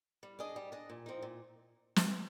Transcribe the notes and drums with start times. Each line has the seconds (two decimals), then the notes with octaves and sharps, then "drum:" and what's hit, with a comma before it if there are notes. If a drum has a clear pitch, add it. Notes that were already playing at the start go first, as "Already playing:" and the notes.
0.23 G3
0.39 D4 G#4 D#5
0.56 G3
0.72 D4 G#4 D#5
0.90 A#2
1.06 F3 C4 D#4
1.22 A#2
1.96 drum: snare